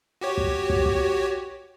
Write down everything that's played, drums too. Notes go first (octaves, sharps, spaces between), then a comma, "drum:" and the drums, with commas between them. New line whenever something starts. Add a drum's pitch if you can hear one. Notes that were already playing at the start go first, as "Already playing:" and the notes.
F#4 G4 C#5
drum: kick
drum: kick
drum: kick